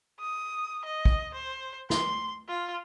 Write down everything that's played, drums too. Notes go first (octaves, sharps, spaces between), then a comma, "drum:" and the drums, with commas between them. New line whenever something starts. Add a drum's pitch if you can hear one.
D#6
D#5
drum: kick
C5
C6, drum: snare
F4